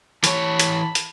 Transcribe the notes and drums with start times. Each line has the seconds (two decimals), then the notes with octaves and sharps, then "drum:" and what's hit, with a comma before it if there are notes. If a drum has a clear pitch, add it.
0.24 E3 C#5 A5 B5, drum: hi-hat
0.59 drum: hi-hat
0.95 drum: hi-hat